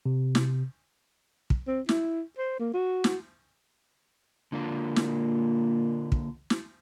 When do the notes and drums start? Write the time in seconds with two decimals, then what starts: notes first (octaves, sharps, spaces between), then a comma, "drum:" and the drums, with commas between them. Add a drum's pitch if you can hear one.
0.06 C3
0.35 drum: snare
1.50 drum: kick
1.67 C4
1.89 E4, drum: snare
2.38 C5
2.59 A#3
2.74 F#4
3.04 drum: snare
4.52 A#2 D3 A#3 F4
4.96 drum: snare
6.12 drum: kick
6.50 drum: snare